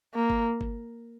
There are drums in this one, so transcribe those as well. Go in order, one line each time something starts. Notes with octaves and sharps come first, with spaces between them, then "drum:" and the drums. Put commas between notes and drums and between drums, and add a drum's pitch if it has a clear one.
A#3
drum: kick G1
drum: kick G1